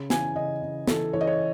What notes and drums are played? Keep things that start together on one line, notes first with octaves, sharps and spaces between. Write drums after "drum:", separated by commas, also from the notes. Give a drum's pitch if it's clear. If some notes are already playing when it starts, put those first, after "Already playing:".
Already playing: C#3
E3 G#5, drum: snare
C#3 D#5
C#3
E3 A4, drum: snare
E3 C#5
D#5
C#5